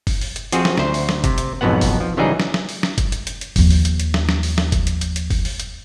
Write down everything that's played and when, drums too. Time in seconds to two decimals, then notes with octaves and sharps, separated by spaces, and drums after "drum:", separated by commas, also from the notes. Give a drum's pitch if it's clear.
0.07 drum: kick F#1, open hi-hat
0.21 drum: open hi-hat
0.36 drum: hi-hat
0.52 F3 C4 F#4 G#4, drum: hi-hat
0.65 drum: snare
0.78 D2 C5, drum: snare
0.94 drum: open hi-hat
1.09 drum: snare
1.24 C3, drum: kick F#1, hi-hat
1.38 drum: hi-hat
1.61 B1 F2 G#2 B2 B3 F#5
1.81 drum: kick F#1, open hi-hat
2.00 F3
2.17 C#3 E3 F#3 G3 D#4 G#4
2.40 drum: snare
2.54 drum: snare
2.69 drum: open hi-hat
2.83 drum: snare
2.98 drum: kick F#1, hi-hat
3.12 drum: hi-hat
3.27 drum: hi-hat
3.41 drum: hi-hat
3.56 D#2 F3, drum: kick F#1, open hi-hat
3.70 drum: open hi-hat
3.85 drum: hi-hat
4.00 drum: hi-hat
4.14 drum: snare
4.29 drum: snare
4.43 drum: open hi-hat
4.58 drum: snare
4.72 drum: kick F#1, hi-hat
4.87 drum: hi-hat
5.01 drum: hi-hat
5.16 drum: hi-hat
5.30 drum: kick F#1, open hi-hat
5.45 drum: open hi-hat
5.60 drum: hi-hat